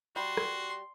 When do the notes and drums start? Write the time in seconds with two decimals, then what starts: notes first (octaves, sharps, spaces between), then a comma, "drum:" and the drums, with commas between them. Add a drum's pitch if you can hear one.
0.16 G3 F#4 C6
0.37 drum: rim click